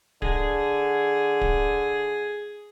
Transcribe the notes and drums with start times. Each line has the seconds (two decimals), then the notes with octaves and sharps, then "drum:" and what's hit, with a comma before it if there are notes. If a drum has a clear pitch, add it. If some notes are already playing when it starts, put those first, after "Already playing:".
0.22 D3 G#4, drum: kick D1
1.41 drum: kick D1